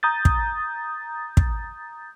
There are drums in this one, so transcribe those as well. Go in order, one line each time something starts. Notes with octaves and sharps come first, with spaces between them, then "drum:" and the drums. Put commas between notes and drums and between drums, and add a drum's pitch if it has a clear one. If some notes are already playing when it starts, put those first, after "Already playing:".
A#5 D#6 G6 A6
drum: kick
drum: kick